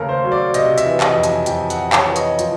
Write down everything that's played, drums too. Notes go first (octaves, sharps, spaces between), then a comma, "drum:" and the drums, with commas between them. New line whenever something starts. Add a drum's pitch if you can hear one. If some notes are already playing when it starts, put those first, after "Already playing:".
Already playing: D#2 C#3 A3 A4 A#4
C5
F#3
D5
C3 D#5, drum: hi-hat
E5, drum: hi-hat
E3
D#5, drum: clap
F2
G#5, drum: hi-hat
F2 G5, drum: hi-hat
F#5, drum: hi-hat
C3
C#5, drum: clap
E3
D#5, drum: hi-hat
F3, drum: hi-hat